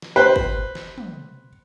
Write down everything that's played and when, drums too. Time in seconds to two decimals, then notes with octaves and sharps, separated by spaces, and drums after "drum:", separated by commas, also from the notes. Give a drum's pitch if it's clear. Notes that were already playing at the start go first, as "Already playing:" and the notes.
0.02 drum: snare
0.16 B4 C5
0.36 drum: kick
0.75 drum: snare
0.98 drum: tom